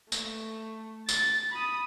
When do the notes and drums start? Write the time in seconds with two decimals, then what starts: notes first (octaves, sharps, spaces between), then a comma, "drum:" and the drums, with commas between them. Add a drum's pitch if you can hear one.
0.12 A3, drum: tambourine
1.09 A6, drum: tambourine
1.52 B5 D#6